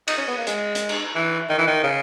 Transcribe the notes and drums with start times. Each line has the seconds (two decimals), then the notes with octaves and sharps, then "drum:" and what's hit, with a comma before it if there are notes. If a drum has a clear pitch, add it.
0.08 D#4, drum: cymbal
0.18 C#4
0.28 B3
0.38 A#3
0.47 G#3, drum: hi-hat
0.75 drum: hi-hat
0.89 drum: cymbal
1.15 E3
1.49 D#3
1.58 E3
1.67 D#3
1.83 C#3